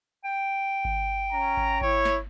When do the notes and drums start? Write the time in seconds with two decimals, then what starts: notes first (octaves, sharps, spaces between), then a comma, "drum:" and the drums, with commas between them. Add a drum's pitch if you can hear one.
0.24 G5
0.85 drum: kick G#1
1.31 C#4 A#5
1.57 drum: kick G#1
1.81 E4 C#5, drum: kick G#1
2.05 drum: snare